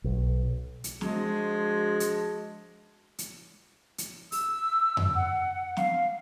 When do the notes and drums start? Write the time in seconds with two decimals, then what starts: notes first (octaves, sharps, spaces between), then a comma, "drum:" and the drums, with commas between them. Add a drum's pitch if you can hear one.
0.04 B1
0.84 drum: hi-hat
1.01 F3 G#3 D4 F#4 G#4, drum: snare
2.00 drum: hi-hat
3.18 drum: hi-hat
3.98 drum: hi-hat
4.32 E6, drum: open hi-hat
4.97 drum: tom F2
5.15 F#5
5.77 F5, drum: snare